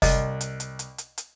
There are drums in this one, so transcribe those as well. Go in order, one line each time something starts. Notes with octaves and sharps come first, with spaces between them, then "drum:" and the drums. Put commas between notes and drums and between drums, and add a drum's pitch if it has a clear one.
C2 D#5, drum: kick, open hi-hat
drum: hi-hat
drum: hi-hat
drum: hi-hat
drum: hi-hat
drum: hi-hat